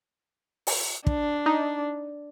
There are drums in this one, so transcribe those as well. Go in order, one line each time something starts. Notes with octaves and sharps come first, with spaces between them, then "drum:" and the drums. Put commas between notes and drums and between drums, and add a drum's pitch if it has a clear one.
drum: open hi-hat
D4, drum: kick
D#4